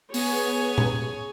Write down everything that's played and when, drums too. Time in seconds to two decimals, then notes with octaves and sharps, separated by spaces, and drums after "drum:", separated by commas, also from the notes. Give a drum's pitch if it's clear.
0.14 B3 G#4 C#5 G#5, drum: open hi-hat
0.78 drum: tom A#2